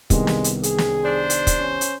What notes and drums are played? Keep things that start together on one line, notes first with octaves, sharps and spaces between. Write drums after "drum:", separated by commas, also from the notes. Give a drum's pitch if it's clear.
C2 D#3 G#3 B3, drum: kick, hi-hat
drum: snare
drum: hi-hat
G#4, drum: hi-hat
drum: snare
D4 C5
drum: hi-hat
drum: kick, hi-hat
C#4
drum: hi-hat